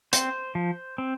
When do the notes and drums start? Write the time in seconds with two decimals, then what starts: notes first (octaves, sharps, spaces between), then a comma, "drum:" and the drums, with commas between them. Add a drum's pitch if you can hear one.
0.13 C4 C5, drum: hi-hat
0.55 F3
0.98 C4